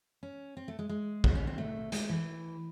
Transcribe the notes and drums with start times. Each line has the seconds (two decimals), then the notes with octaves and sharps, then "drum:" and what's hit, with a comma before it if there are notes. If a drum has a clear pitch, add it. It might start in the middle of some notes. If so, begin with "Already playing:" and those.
0.23 C#4
0.57 C4
0.68 A3
0.79 G#3
0.89 G#3
1.24 drum: kick A#1
1.35 C#4
1.47 C4
1.58 A3
1.92 G#3, drum: hi-hat
2.09 E3